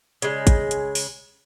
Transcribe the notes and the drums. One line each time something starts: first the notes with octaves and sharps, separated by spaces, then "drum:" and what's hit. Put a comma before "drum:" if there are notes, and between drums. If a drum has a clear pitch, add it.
C#3 G#3, drum: hi-hat
drum: kick, hi-hat
drum: hi-hat
drum: open hi-hat